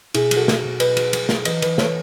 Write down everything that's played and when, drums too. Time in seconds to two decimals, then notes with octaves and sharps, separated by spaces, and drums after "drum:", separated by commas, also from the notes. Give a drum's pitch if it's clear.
0.14 B2 E4 G#4, drum: cymbal
0.31 F#3, drum: cymbal
0.37 F#4 A4
0.48 B2, drum: snare
0.64 B2
0.80 F#3 B4 D#5, drum: cymbal
0.97 F#3, drum: cymbal
1.13 F#3, drum: cymbal
1.29 F#3, drum: snare
1.45 E3 B4 D#5, drum: cymbal
1.62 E3 B4 D#5, drum: cymbal
1.78 E3 A4 C#5, drum: snare